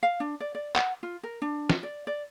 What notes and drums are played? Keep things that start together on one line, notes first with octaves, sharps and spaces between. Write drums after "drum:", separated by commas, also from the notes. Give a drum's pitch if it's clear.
F5
D4
D5
D5
F#5, drum: clap
F4
A#4
D4
drum: snare
D5
D5